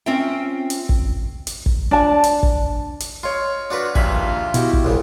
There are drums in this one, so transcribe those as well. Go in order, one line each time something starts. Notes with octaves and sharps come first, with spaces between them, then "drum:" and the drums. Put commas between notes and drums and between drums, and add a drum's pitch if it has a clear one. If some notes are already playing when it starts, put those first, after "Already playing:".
C4 C#4 F4 C5 E5 G5
drum: hi-hat
drum: kick
drum: hi-hat
drum: kick
D4 A5
drum: hi-hat
drum: kick
drum: hi-hat
F4 C#5 D#5 C6
D4 F4 F#4 B4
A#1 D#2 F4 E5 G#5 B5, drum: kick
B2 E4 F#4 G4, drum: hi-hat
drum: kick
C2 C#3